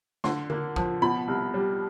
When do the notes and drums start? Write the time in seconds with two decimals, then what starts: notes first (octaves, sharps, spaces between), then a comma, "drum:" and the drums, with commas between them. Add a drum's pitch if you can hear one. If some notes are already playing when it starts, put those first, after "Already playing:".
0.24 D3 C6, drum: snare
0.50 A#3, drum: tom D3
0.76 F3, drum: kick
1.02 B2 B5
1.28 C2
1.54 G3